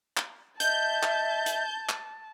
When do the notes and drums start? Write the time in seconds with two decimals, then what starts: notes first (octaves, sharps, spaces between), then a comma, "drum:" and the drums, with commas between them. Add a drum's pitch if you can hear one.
0.17 drum: clap
0.60 D#5 E5 A5 G6, drum: hi-hat
1.03 drum: clap
1.46 drum: hi-hat
1.89 drum: clap